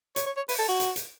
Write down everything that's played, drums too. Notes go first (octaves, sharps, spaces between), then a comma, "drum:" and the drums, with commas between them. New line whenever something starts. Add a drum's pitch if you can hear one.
C#5, drum: hi-hat
C#5
C#5
B4, drum: open hi-hat
A4
F#4
drum: hi-hat
drum: hi-hat